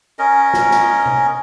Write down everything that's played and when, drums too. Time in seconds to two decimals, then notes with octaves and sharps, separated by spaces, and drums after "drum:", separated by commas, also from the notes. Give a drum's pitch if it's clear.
0.19 C#4 A#4 D#5
0.54 drum: snare
0.71 drum: snare
1.06 drum: tom C3